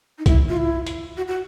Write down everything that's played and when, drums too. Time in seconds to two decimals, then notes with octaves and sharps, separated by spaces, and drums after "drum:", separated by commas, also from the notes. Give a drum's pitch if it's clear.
0.18 D#4
0.26 E4, drum: kick, hi-hat
0.49 F4
0.57 E4
0.87 drum: hi-hat
1.17 F#4
1.28 F#4